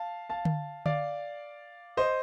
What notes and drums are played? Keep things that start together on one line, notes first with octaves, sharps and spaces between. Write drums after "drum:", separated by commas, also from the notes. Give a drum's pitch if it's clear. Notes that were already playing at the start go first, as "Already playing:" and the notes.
Already playing: F5 A5
F5 A5
drum: tom D3
D5 F5, drum: tom D3
C5 D#5